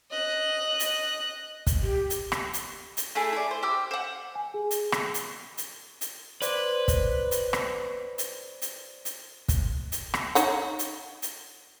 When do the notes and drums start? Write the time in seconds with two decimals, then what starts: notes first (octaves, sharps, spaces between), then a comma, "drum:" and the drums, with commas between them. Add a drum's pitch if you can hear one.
0.11 D#5 F#6
0.80 drum: hi-hat
1.67 drum: kick, hi-hat
1.83 G4
2.10 drum: hi-hat
2.32 drum: rim click
2.53 drum: hi-hat
2.97 drum: hi-hat
3.15 A3 E4 G#4
3.33 E4 D5
3.51 C5
3.63 G4 D6 E6
3.91 C5 F#5
4.35 G#5
4.54 G#4
4.71 drum: hi-hat
4.92 drum: rim click
5.14 drum: hi-hat
5.58 drum: hi-hat
6.01 drum: hi-hat
6.42 B4 C5 D5, drum: hi-hat
6.88 drum: kick, hi-hat
7.31 drum: hi-hat
7.53 drum: rim click
8.18 drum: hi-hat
8.62 drum: hi-hat
9.05 drum: hi-hat
9.48 drum: kick, hi-hat
9.92 drum: hi-hat
10.14 drum: rim click
10.35 D#4 C#5 F#5, drum: hi-hat
10.79 drum: hi-hat
11.22 drum: hi-hat